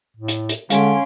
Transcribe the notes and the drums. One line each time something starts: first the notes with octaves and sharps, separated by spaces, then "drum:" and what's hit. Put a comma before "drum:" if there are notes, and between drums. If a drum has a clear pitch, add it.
A2
drum: hi-hat
drum: hi-hat
D3 G#3 C#4 F5 G#5 C6 D7, drum: hi-hat